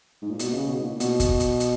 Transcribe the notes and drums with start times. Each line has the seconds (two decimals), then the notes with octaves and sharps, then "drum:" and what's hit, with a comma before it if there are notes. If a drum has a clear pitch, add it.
0.22 G#2
0.30 A#2
0.39 B2, drum: hi-hat
0.53 C#3
0.69 B2
0.80 G#2
0.85 A#2
1.00 B2, drum: hi-hat
1.20 drum: kick, hi-hat
1.40 drum: hi-hat
1.60 drum: hi-hat